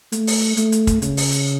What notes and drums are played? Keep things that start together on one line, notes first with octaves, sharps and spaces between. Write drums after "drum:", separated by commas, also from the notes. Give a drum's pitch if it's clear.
A3, drum: hi-hat
drum: open hi-hat
A3, drum: hi-hat
drum: hi-hat
drum: kick, hi-hat
C#3, drum: hi-hat
drum: open hi-hat
drum: hi-hat